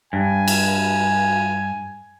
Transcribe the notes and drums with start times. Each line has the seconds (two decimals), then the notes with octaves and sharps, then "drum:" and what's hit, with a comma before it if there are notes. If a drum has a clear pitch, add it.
0.13 G2 G#5
0.48 drum: cymbal